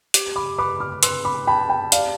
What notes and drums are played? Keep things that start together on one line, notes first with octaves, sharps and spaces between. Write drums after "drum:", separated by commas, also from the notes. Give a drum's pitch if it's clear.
G4, drum: hi-hat
B5 D6
B4 B5 D6
D6 F6
B4 C6 E6, drum: hi-hat
B5 D6
G5 A5 B5
G5 B5
G4 D5 F5, drum: hi-hat